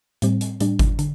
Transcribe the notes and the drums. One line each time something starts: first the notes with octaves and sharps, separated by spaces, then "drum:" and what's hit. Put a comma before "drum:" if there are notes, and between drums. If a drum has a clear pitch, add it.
A2 G3 C4, drum: hi-hat
drum: hi-hat
A2 G3 D4, drum: hi-hat
drum: kick G1, hi-hat
D3, drum: hi-hat